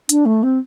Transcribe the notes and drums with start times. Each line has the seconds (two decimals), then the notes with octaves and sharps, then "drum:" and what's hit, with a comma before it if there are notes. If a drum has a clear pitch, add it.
0.09 D4, drum: hi-hat
0.25 A3
0.43 C4